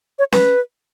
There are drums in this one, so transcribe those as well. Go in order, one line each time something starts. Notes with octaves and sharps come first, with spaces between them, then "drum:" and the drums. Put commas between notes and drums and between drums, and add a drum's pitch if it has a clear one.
C#5
B4, drum: snare C#4